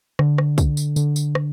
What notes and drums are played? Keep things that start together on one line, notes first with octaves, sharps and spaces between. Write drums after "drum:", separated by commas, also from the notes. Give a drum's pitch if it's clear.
D3, drum: rim click
drum: rim click
drum: kick, tambourine
drum: tambourine
D3, drum: tambourine
drum: tambourine
drum: rim click